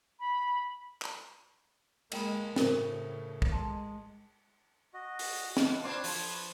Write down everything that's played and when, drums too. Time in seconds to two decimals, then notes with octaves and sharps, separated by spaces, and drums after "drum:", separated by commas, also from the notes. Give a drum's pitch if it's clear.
0.20 B5
1.02 drum: clap
2.12 G#3 A#3 D#5 G5 B5, drum: cymbal
2.56 A2 C#3 F#4 A#4 C5, drum: snare
3.42 drum: kick
3.52 G#3 A5 A#5 C6
4.94 F#4 D#5
5.19 drum: open hi-hat
5.57 B2, drum: snare
5.71 F4 B4
5.84 C4 D4 F4 B4 C#5
6.04 F3, drum: open hi-hat